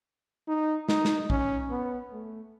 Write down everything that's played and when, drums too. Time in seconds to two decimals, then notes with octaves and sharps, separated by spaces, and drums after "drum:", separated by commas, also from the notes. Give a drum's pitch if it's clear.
0.48 D#4
0.89 D#4, drum: snare
1.05 drum: snare
1.30 C#4, drum: kick
1.70 B3
2.12 A3